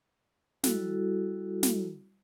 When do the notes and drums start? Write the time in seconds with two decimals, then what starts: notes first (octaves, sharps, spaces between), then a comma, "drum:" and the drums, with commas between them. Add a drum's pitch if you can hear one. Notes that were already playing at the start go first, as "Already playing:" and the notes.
0.64 G3 E4 F#4 A4, drum: snare
1.63 drum: snare